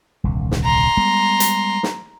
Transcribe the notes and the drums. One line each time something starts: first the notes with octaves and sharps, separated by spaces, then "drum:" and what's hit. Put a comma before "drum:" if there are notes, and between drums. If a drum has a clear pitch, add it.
D#1 C2 D3
drum: snare
A#5 C6
G3 G#3 B3
drum: hi-hat
drum: snare